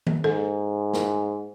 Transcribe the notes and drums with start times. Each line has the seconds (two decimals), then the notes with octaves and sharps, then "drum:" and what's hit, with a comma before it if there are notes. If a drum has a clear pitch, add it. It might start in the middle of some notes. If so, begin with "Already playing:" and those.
0.07 drum: tom D#3
0.24 G#2 A4
0.93 drum: snare